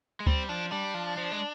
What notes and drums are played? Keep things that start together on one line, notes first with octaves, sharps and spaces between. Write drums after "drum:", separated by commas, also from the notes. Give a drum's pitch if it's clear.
G#3
G3 C4, drum: kick D2
F3 D4
G3 D4
F3
F3
G#3